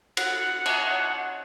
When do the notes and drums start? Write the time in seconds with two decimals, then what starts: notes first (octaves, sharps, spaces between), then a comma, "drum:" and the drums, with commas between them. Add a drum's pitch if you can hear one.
0.17 F#5, drum: cymbal
0.66 drum: cymbal